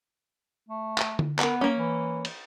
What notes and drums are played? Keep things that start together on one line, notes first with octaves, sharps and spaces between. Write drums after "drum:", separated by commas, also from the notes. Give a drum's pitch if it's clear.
A3
drum: clap
drum: tom D3
B3 A#4 B5, drum: clap
A#3 C#4
E3
drum: cymbal